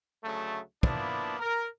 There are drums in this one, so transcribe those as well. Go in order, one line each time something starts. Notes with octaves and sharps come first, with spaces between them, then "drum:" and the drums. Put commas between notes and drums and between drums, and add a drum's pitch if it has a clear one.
D2 C#3 F#3 A3
F3 A#3 B3 D4 E4, drum: kick
A#4